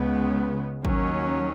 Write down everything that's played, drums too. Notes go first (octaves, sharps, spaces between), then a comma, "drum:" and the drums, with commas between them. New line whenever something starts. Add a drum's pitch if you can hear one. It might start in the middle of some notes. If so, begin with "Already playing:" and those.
Already playing: C#2 C#3 G#3 B3
D#2 D#3 F#3 C#4, drum: kick G#1